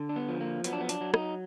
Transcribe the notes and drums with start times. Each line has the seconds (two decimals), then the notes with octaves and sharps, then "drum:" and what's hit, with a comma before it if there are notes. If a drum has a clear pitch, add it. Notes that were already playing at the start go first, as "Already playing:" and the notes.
Already playing: D3
0.09 D4
0.16 B3
0.28 F3
0.41 A#3
0.64 F#3 B3, drum: hi-hat
0.73 D4
0.80 B3
0.89 D4, drum: hi-hat
1.01 F#3
1.14 D#4, drum: rim click